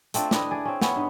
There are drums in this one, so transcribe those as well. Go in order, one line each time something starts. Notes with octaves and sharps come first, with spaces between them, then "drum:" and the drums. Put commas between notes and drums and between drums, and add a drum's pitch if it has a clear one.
A3 C4 D4 F4, drum: hi-hat
D4 E4 B4 D#5, drum: snare
G#4 D5
C4 C#4
B3 C#4 B4 E5, drum: snare
G2 D#4